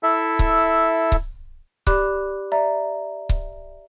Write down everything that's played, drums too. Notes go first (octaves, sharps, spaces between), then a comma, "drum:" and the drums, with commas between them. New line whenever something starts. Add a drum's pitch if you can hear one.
E4 A4 E5
drum: kick C#1
drum: kick C#1
G4 D5 B5 D6 F#6, drum: kick C#1
D5 E5 A#5
drum: kick C#1